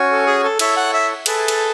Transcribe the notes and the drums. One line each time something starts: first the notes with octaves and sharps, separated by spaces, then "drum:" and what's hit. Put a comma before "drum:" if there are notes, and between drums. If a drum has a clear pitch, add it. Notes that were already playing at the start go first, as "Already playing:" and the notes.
Already playing: C#4 F#4 C#5 G#5
A4
G#4
A4
E4 A4 C#5 E5, drum: cymbal
F#5
E5
G#4 A4 B4 E5 A5, drum: cymbal
drum: cymbal